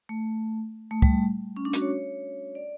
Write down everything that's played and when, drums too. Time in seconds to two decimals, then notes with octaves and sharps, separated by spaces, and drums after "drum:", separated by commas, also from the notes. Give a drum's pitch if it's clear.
0.09 A3
0.91 A3
1.02 G3, drum: kick
1.57 C#4
1.65 D4
1.73 F#4, drum: hi-hat
1.82 C#5
2.55 D5